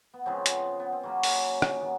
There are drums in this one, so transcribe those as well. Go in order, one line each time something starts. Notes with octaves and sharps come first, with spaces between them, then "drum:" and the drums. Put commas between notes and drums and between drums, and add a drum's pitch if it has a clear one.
B3
C#3 F3 G#3 B3 C4
drum: hi-hat
B3
C4
C#3 F#3 A#3 C#4
drum: open hi-hat
drum: rim click
D#3 B3